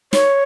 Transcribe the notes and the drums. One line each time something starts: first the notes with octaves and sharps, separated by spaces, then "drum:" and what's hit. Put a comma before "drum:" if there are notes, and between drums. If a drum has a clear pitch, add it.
C#5, drum: snare